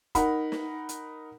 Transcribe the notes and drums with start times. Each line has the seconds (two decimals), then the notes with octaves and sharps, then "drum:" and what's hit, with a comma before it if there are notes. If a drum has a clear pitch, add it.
0.15 D#4 A#4 F#5 B5, drum: kick, hi-hat
0.52 drum: snare
0.89 drum: hi-hat